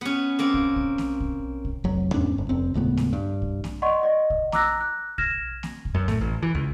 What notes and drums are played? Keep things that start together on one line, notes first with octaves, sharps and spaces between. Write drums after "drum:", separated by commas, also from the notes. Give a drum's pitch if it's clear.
B3 C#4
A#3 C4 C#4
drum: kick
drum: kick
drum: snare A#3
drum: kick
drum: kick
F1 F#3
E2 G#2 C#4 D4
F#1 G2
F1 C4
D#1 C#2 A2 B3
drum: snare A#3
G2
drum: kick
drum: snare A#3
D5 D#5 F#5 C6 C#6
D5 D#5 F#5
drum: kick
A#5 D6 E6 F#6 A#6, drum: snare A#3
F#6
F6 G#6 A#6 E7, drum: kick
drum: snare A#3
drum: kick
F#2
A2, drum: snare A#3
A1
E3
C#2